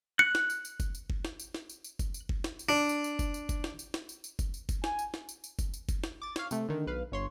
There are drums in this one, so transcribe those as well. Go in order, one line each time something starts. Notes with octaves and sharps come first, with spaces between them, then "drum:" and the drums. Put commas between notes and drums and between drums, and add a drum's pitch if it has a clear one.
F#6 C#7
drum: snare
drum: tambourine
drum: tambourine
drum: kick F#1, tambourine
drum: tambourine
drum: kick F#1
drum: snare
drum: tambourine
drum: snare
drum: tambourine
drum: tambourine
drum: kick F#1, tambourine
drum: tambourine
drum: kick F#1
drum: snare
drum: tambourine
D4
drum: tambourine
drum: tambourine
drum: kick F#1, tambourine
drum: tambourine
drum: kick F#1, tambourine
drum: snare
drum: tambourine
drum: snare
drum: tambourine
drum: tambourine
drum: kick F#1, tambourine
drum: tambourine
drum: kick F#1, tambourine
G#5, drum: snare
drum: tambourine
drum: snare
drum: tambourine
drum: tambourine
drum: kick F#1, tambourine
drum: tambourine
drum: kick F#1, tambourine
drum: snare
D6 A6
C#5 F5, drum: snare
C3 A3, drum: tambourine
D3 D#3
B1 B4 F5
G1 C#5 C6